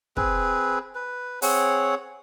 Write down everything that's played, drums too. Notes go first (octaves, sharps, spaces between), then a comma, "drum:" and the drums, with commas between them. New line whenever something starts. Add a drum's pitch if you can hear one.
C4 G#4 B4, drum: kick
B4
C4 G#4 C#5 F#5, drum: open hi-hat